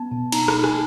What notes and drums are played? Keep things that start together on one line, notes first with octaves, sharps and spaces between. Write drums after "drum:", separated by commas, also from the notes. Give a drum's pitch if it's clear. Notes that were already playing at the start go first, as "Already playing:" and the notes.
Already playing: B3 A5
B2
D#4 A#5, drum: cymbal
D#4 A5, drum: rim click
G#5, drum: rim click